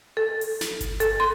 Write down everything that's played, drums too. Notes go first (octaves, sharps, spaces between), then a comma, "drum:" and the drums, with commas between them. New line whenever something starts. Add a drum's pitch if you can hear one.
A4
drum: open hi-hat
drum: snare
drum: kick G1, hi-hat
A4, drum: hi-hat
C6